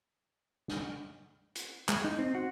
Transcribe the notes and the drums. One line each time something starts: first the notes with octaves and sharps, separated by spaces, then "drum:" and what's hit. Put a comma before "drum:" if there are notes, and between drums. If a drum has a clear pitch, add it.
drum: snare
drum: hi-hat
G#3, drum: clap
D#4
C4
F#4